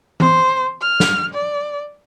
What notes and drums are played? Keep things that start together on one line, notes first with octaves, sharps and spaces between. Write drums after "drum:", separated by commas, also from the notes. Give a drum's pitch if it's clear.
C5, drum: tom E3
F6
drum: snare
D5